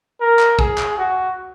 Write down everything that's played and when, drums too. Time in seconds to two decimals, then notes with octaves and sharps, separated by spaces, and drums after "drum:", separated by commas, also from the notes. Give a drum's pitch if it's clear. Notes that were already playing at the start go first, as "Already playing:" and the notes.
0.20 A#4
0.39 drum: clap
0.59 G#4, drum: kick
0.78 drum: clap
0.98 F#4